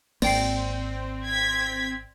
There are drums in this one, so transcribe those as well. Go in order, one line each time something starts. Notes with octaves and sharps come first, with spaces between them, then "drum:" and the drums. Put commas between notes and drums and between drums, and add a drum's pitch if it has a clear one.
G#1 A#3 C4 D5 G5 C7, drum: cymbal
G#6 B6